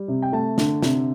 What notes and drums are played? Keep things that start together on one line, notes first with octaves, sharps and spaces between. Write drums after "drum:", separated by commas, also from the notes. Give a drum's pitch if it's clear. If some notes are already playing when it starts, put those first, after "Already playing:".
Already playing: G3
C3
G5
A3 A5
D3, drum: snare
C3, drum: snare